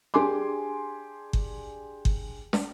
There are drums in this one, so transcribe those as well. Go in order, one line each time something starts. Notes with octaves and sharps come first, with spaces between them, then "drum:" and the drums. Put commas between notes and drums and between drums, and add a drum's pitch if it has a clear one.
D4 G4 G#4 G#5 C6 D6
drum: kick G1
drum: kick G1
drum: snare